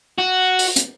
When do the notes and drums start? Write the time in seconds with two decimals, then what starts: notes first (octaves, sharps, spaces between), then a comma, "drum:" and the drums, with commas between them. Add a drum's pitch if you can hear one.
0.18 F#4
0.59 drum: open hi-hat
0.76 drum: hi-hat